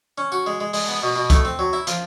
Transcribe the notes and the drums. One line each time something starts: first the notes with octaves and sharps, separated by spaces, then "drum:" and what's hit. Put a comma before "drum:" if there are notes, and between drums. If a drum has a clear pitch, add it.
C#4
F#4
G#3
G#3
G#3, drum: open hi-hat
B3
B2
B2
A3, drum: kick, hi-hat
C4
F#3
E4
F3, drum: hi-hat